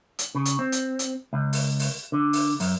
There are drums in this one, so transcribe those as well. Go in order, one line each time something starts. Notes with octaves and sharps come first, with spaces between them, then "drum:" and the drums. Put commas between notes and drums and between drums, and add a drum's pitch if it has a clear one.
drum: hi-hat
C#3
drum: hi-hat
C4
drum: hi-hat
drum: hi-hat
C#2
drum: open hi-hat
drum: open hi-hat
D3
drum: open hi-hat
F#2, drum: open hi-hat